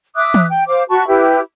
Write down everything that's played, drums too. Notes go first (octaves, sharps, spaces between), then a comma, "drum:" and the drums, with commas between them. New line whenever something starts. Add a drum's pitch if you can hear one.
E5 D6 D#6 F#6
drum: tom E3
G5
C5 F5 D6
F#4 A5 B5 C#6
E4 G4 B4